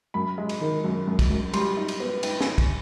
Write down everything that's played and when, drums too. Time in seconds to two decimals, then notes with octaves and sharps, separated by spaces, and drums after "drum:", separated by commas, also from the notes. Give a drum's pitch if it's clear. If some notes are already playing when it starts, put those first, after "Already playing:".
0.14 F#2 B5
0.38 G#3
0.49 drum: cymbal
0.61 D#3
0.84 F#2
1.07 F#2
1.19 drum: kick, cymbal
1.30 F#2
1.54 G3 C6, drum: cymbal
1.77 D#4
1.88 drum: cymbal
2.00 B3
2.23 D#4 G5, drum: cymbal
2.41 G#5, drum: snare
2.46 D#4
2.58 drum: kick, cymbal